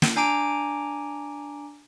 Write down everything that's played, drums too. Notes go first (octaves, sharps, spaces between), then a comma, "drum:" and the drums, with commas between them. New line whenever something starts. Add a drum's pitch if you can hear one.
drum: snare
D4 G#5 A#5 D6 D7